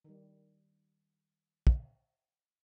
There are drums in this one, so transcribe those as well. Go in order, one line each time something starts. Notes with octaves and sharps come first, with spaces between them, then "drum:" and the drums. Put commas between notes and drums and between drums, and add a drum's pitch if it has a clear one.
D#3 G3
drum: kick